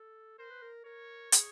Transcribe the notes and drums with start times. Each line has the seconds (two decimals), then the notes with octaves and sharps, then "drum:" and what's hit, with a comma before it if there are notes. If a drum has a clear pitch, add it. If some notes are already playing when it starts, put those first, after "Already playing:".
Already playing: A4
0.39 A#4 C5
0.51 B4
0.62 A#4
0.85 A#4 C#5
1.32 G#4, drum: hi-hat